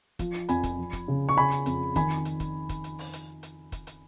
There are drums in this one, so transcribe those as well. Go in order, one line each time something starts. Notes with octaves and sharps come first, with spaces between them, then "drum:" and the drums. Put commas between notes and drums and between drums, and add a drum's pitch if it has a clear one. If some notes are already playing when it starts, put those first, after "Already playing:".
F3, drum: kick, hi-hat
drum: hi-hat
F2 G#5 B5, drum: hi-hat
drum: kick, hi-hat
F3
drum: kick, hi-hat
C#3
C#6
C#3 G#5 B5
drum: hi-hat
F2, drum: hi-hat
D#3 G#5 B5, drum: kick, hi-hat
drum: hi-hat
drum: hi-hat
drum: kick, hi-hat
drum: kick, hi-hat
drum: hi-hat
drum: open hi-hat
drum: hi-hat
drum: hi-hat
drum: kick, hi-hat
drum: hi-hat